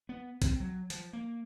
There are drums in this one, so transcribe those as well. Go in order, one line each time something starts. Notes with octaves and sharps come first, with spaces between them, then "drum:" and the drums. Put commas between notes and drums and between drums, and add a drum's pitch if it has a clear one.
B3
C4, drum: kick, hi-hat
F#3
F3, drum: hi-hat
A#3